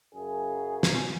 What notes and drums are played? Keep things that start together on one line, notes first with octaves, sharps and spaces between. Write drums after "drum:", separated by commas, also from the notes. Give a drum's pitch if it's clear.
F#2 C#3 G#4
drum: snare